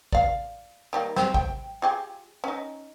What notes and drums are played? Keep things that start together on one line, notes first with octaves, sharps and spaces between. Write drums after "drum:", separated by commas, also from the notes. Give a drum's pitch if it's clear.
D5 F5, drum: kick
D#3 G3 A#3
C4, drum: snare
G5, drum: kick
F4 G4 G#4
C#4 D#4